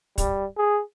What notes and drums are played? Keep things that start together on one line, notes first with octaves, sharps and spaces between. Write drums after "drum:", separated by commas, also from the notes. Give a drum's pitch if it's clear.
G3, drum: kick, hi-hat
G#4